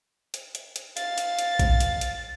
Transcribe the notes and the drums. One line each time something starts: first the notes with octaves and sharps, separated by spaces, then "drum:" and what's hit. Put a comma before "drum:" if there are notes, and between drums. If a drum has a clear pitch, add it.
drum: hi-hat
drum: hi-hat
drum: hi-hat
F5 A6, drum: hi-hat
drum: hi-hat
drum: hi-hat
drum: kick, hi-hat
drum: hi-hat
drum: hi-hat